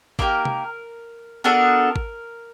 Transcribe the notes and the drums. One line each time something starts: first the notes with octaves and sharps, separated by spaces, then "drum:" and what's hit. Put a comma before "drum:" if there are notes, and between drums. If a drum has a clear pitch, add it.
A#3 D#4 G4 A#4, drum: kick
drum: tom
B3 D4 F#4 A4 A#4
drum: kick